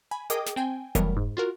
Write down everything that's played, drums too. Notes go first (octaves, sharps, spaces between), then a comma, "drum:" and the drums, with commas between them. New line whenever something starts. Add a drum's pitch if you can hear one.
G#5 B5
G#4 A#4 D#5 G5 D6 D#6, drum: hi-hat
drum: snare
C4 G5 G#5
E3 F#3 G3 A3 B3 A#4, drum: kick F1, hi-hat
G#2
F4 F#4 A#4